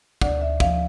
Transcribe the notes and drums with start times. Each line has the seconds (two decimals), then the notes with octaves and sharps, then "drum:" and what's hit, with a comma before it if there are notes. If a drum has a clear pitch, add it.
0.21 D2 D5, drum: kick
0.41 D2 E5
0.60 F3 F5, drum: kick